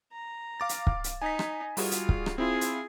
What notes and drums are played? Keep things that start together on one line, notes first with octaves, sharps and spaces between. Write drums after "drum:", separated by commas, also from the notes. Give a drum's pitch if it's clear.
A#5
F5 D6 A6
drum: hi-hat
drum: kick
drum: hi-hat
D#4 G#5 B6
drum: rim click
G3 F4 F#4 G#4, drum: open hi-hat
drum: hi-hat
drum: kick
drum: rim click
C4 E4 F4 G#4
drum: hi-hat